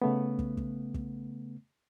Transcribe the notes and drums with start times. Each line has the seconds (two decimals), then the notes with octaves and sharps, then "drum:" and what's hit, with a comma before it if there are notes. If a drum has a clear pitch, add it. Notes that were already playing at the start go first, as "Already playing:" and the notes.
0.02 C#3 A3 B3
0.39 drum: kick
0.57 drum: kick
0.94 drum: kick